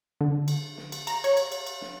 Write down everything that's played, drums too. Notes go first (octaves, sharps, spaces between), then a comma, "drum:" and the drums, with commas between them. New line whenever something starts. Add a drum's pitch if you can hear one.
D3
drum: cymbal
drum: snare
drum: cymbal
A#5, drum: cymbal
C#5, drum: cymbal
drum: cymbal
drum: cymbal
drum: cymbal
drum: snare